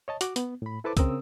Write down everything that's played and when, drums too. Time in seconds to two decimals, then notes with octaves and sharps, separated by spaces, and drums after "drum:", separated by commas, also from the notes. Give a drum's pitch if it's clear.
0.08 C#5 D#5 A5
0.21 F#4 D6, drum: hi-hat
0.36 B3, drum: hi-hat
0.62 A2 B5
0.84 E4 A4 B4 C5 A5 D6
0.97 C#3 C4 A#4 D#6 E6, drum: kick C2, hi-hat